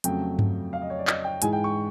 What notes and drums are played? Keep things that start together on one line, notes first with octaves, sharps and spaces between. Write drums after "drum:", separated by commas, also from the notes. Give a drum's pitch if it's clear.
F2 C#3 F#3 A3 G5, drum: hi-hat
drum: tom G2
F5
D#5
C#5
D5
D#5, drum: clap
G5
G#2 E3 G#3 G#5, drum: hi-hat
G5
C#6